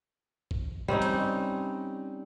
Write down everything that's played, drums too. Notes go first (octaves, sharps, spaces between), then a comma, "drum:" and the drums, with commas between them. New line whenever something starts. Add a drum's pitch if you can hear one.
drum: kick A1
G3 C4 C#4 D#4, drum: tom G#2
drum: hi-hat